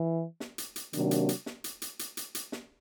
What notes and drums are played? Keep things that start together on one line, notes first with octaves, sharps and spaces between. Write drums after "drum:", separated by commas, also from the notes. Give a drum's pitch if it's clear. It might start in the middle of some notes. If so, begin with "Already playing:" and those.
Already playing: E3
drum: snare
drum: hi-hat
drum: hi-hat
C3 D#3 F#3 A#3 D4, drum: hi-hat
drum: hi-hat
drum: hi-hat
drum: snare
drum: hi-hat
drum: hi-hat
drum: hi-hat
drum: hi-hat
drum: hi-hat
drum: snare